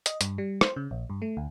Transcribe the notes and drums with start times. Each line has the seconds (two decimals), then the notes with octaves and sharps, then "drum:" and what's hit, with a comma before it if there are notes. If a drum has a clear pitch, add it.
0.06 D#5, drum: hi-hat
0.21 G2, drum: hi-hat
0.38 G3
0.61 C5, drum: rim click
0.76 C#3
0.91 A#1
1.10 G2
1.22 A3
1.37 D2